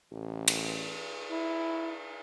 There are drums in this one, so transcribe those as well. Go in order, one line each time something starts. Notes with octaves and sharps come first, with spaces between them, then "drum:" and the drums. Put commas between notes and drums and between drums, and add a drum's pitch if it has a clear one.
A1
drum: cymbal
E4